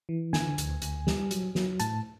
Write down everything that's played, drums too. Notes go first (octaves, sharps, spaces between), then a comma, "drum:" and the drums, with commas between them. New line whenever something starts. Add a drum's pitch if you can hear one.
E3
D3 G#5, drum: snare
D2, drum: hi-hat
D2, drum: hi-hat
G3, drum: snare
F#3, drum: hi-hat
F#3, drum: snare
A2 A5, drum: hi-hat